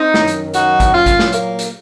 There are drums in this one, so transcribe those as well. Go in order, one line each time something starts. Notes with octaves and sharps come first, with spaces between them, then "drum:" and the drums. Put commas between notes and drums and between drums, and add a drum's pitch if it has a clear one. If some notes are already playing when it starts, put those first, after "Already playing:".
Already playing: C4 D#4
F#2 D#3 F#3, drum: snare
drum: hi-hat
D#4 F#4, drum: hi-hat
drum: kick G#1, hi-hat
A#2 F#3 C#4 F4
drum: kick G#1, hi-hat
drum: snare
A#3, drum: hi-hat
drum: hi-hat